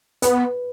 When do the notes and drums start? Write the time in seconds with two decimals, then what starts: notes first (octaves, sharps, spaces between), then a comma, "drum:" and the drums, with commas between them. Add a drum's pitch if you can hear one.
0.22 B3 B4, drum: hi-hat